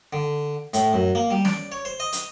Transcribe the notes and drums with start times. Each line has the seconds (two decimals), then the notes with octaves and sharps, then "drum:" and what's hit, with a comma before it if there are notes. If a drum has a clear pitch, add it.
0.13 D3
0.74 A2, drum: hi-hat
0.93 F#2
1.15 A#3
1.30 G3
1.45 D5, drum: snare
1.72 C#5
1.85 C5
2.00 D#5
2.12 drum: hi-hat